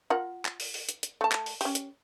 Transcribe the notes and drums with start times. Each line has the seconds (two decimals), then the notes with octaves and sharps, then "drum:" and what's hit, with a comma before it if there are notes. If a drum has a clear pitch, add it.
0.10 F4 A#4 F#5
0.45 drum: clap
0.60 drum: open hi-hat
0.74 drum: open hi-hat
0.89 drum: hi-hat
1.03 drum: hi-hat
1.21 A3 A5
1.32 drum: clap
1.46 drum: open hi-hat
1.61 C#4 G4, drum: open hi-hat
1.75 drum: hi-hat